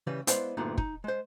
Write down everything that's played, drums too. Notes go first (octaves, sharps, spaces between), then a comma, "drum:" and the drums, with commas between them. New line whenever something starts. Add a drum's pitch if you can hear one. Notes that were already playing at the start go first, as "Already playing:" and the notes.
C#3 E3 G3
G#3 B3 E4 C5 D5 F5, drum: hi-hat
D2 G2 A#2 D3 B3 D#4
D#4, drum: kick
G#3 C5